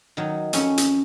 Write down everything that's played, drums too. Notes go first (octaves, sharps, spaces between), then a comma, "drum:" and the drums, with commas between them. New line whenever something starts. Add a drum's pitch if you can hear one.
D#3 F#3
F2 C#4, drum: hi-hat
drum: hi-hat